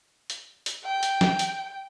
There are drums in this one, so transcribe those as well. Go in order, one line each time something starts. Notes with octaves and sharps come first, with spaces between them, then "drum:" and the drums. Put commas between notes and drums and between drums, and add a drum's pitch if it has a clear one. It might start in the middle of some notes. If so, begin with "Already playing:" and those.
drum: hi-hat
drum: hi-hat
G5
drum: hi-hat
drum: snare
drum: hi-hat